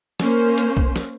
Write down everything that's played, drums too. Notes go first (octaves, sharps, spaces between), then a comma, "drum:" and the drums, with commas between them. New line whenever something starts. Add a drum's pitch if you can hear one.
A#3 C#4 C5, drum: snare
drum: hi-hat
drum: kick B1
drum: snare